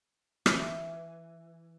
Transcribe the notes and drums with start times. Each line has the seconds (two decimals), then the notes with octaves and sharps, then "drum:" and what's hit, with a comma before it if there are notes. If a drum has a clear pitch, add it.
0.46 E3, drum: rim click